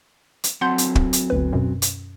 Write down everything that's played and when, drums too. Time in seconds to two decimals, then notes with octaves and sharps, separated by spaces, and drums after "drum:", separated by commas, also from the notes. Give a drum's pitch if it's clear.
0.44 drum: hi-hat
0.61 F#3 C4 F#5 A5 C6 G6
0.78 drum: hi-hat
0.95 drum: kick
1.13 drum: hi-hat
1.30 G1 D2 B4
1.53 F#2 B2
1.82 drum: hi-hat